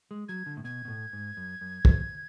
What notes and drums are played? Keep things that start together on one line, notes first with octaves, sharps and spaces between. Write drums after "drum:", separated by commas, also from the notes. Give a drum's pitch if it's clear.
G#3
F#3 G#6
D3
A2
B2 G#6
B2
A2
G#2
F#2
F#2
F2, drum: kick